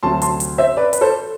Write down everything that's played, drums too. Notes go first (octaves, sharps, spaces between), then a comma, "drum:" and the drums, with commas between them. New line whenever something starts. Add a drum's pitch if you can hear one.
D2 C3 F#3 A5 C6
A5 C6, drum: hi-hat
drum: hi-hat
C5 E5
B4 D5
B4, drum: hi-hat
A4 C5